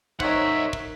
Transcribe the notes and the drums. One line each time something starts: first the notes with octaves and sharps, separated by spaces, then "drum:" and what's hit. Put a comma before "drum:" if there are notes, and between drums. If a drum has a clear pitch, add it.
D#4 A#4 C5 C#5 D#5 E5 F#5, drum: kick
drum: kick